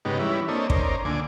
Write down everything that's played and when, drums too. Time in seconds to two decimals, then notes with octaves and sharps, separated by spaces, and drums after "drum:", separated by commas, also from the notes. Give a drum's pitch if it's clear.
0.05 G#2 C#3 B3 D#4 G4
0.19 E3 G3 C#4 E4
0.48 A#3 C4 D4 A4 C#5 D#5
0.70 C#4 D#4 A#4 C5 D5, drum: kick
1.05 D2 A#2 D3 G#5 D6